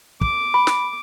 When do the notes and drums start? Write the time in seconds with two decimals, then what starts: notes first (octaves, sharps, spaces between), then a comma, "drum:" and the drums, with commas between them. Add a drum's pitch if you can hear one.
0.21 D6, drum: kick
0.54 B5
0.67 drum: snare